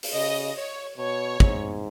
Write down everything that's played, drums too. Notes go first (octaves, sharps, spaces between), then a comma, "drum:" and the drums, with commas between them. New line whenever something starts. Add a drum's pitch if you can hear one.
drum: open hi-hat
C#3 D#5
C#5
B2 C#5
G#2, drum: kick